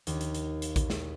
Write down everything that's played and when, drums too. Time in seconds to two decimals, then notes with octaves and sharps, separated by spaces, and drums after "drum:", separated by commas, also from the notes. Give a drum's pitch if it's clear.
0.07 D#2, drum: hi-hat
0.21 drum: hi-hat
0.35 drum: hi-hat
0.62 drum: hi-hat
0.76 drum: kick A#1, hi-hat
0.90 drum: snare